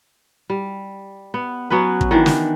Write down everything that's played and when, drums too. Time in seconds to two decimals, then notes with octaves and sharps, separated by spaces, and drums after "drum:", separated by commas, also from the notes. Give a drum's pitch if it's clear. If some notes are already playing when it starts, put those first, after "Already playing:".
0.50 G3
1.34 B3
1.70 F#3 B3 C#4 B4
2.01 drum: kick
2.11 D#3 E3 D4
2.26 drum: snare